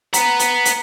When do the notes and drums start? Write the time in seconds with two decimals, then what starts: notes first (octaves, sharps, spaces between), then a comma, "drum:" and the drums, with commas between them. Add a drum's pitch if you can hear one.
0.14 B4 F#5 A#5 B6 C#7, drum: hi-hat
0.39 drum: hi-hat
0.65 drum: hi-hat